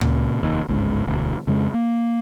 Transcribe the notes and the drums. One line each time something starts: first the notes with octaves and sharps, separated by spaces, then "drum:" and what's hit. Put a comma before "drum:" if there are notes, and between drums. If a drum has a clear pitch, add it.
A#2 C#3, drum: tom D2
F1 D#2
G1 C#2 G#2 C#3
E1 D2
F2 C#3 G#3 C#4
A#3